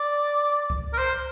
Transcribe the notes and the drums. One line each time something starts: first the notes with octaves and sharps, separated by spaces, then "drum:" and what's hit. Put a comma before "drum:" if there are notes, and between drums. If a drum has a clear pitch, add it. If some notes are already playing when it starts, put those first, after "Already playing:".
Already playing: D5
drum: kick C#2
A#4
C5